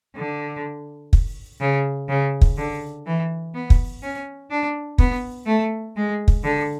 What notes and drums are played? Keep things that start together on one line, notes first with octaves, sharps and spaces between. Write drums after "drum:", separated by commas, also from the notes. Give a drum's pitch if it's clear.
D3
drum: kick
C#3
C#3
drum: kick
D3
E3
B3
drum: kick
C#4
D4
B3, drum: kick
A3
G#3
drum: kick
D3